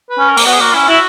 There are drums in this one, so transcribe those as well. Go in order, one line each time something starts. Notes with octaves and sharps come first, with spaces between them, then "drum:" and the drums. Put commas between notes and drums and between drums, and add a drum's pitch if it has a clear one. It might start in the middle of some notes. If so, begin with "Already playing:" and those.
B4
C#4
A#4
A#3, drum: open hi-hat
B3 F#4
G#4
A#3 F#4
C#4 E4
E4 F#4